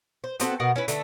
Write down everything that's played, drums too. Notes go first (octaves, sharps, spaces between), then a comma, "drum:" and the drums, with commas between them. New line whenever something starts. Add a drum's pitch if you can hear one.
C5
B3 C4 F#4 A4, drum: hi-hat
B2 A#4 F#5
C#4 E4 B4
D3 A3 A4, drum: hi-hat